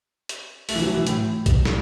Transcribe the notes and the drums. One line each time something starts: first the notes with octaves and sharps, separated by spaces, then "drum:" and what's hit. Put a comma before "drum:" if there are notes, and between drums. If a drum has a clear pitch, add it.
drum: hi-hat
A3, drum: open hi-hat
E3
F#3
E3
A2, drum: hi-hat
drum: kick, hi-hat
drum: snare